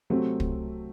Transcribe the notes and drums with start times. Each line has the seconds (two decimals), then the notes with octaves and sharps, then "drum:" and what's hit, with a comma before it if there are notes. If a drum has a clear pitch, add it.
0.10 C3 F#3 A3 C4
0.40 drum: kick